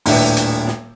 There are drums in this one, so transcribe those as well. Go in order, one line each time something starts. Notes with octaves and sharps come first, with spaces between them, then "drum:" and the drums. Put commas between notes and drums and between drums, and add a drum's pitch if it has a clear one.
D#1 A2 D4 B4 E5 G5, drum: open hi-hat
drum: hi-hat
drum: snare